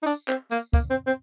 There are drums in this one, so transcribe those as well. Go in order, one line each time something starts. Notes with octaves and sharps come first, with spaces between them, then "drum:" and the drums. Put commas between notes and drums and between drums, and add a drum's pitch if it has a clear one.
D#4
D4, drum: tambourine
C4, drum: clap
A#3, drum: tambourine
A#3, drum: kick, tambourine
C4
C4